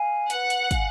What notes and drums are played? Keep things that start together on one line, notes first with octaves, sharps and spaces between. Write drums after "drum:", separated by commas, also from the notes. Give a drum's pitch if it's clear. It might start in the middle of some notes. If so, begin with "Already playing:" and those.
Already playing: F5 G#5
B4 F#5, drum: hi-hat
drum: hi-hat
F5 G#5, drum: kick, hi-hat